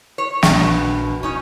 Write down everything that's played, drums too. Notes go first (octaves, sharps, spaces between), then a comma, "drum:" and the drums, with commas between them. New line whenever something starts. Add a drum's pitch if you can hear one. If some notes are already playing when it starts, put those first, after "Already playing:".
C#5
A#1 D4, drum: snare
F#2 B2
C#4 D#4 E4 C#5